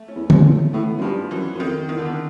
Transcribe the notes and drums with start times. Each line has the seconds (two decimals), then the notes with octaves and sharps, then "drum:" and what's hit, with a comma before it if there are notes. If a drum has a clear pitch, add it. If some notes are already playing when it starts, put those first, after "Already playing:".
Already playing: A3
0.08 C#4
0.15 E2
0.30 C#4, drum: tom D3
0.40 F2
0.44 E2
0.73 A2 B3
0.98 F#2
1.01 G2 F3
1.31 F#2 E3
1.54 F#2
1.60 F2 D#3
1.89 E2 D#3
1.97 D3
2.06 D#3